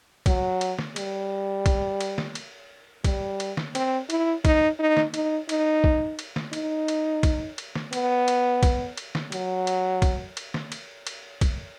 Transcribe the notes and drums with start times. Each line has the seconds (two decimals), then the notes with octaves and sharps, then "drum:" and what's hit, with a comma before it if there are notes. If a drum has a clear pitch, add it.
0.26 F#3, drum: kick, cymbal
0.61 drum: cymbal
0.79 drum: snare
0.96 G3, drum: cymbal
1.66 drum: kick, cymbal
2.01 drum: cymbal
2.18 drum: snare
2.35 drum: cymbal
3.04 G3, drum: kick, cymbal
3.40 drum: cymbal
3.57 drum: snare
3.75 C4, drum: cymbal
4.10 E4, drum: cymbal
4.45 D#4, drum: kick, cymbal
4.79 D#4
4.97 drum: snare
5.14 D#4, drum: cymbal
5.49 D#4, drum: cymbal
5.84 drum: kick
6.19 drum: cymbal
6.36 drum: snare
6.53 D#4, drum: cymbal
6.88 drum: cymbal
7.23 drum: kick, cymbal
7.58 drum: cymbal
7.76 drum: snare
7.93 B3, drum: cymbal
8.28 drum: cymbal
8.63 drum: kick, cymbal
8.97 drum: cymbal
9.15 drum: snare
9.32 F#3, drum: cymbal
9.67 drum: cymbal
10.02 drum: kick, cymbal
10.37 drum: cymbal
10.54 drum: snare
10.72 drum: cymbal
11.07 drum: cymbal
11.41 drum: kick, cymbal